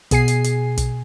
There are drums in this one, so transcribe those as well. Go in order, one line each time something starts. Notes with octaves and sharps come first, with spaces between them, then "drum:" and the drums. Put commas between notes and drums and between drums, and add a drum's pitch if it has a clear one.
B2 G#4 G#5 C7, drum: kick, hi-hat
drum: hi-hat
drum: hi-hat
drum: kick, hi-hat